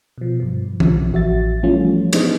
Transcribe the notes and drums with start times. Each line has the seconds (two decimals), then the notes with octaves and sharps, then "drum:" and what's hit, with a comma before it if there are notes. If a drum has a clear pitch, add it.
0.18 B2 F3
0.40 G2 F3
0.80 B1 F3, drum: tom E3
1.13 A1 F#4 E5 A6
1.63 E3 F3 G3 A3 C#4 F4
2.13 G#3 B3 D4 D#4 C5 D#5, drum: cymbal